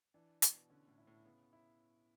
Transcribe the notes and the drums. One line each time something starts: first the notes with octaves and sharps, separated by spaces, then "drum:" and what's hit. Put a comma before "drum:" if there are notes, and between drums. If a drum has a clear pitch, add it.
E3 D4
B2, drum: hi-hat
D3 C#4
A2
E4
A2
C#3 B3
E4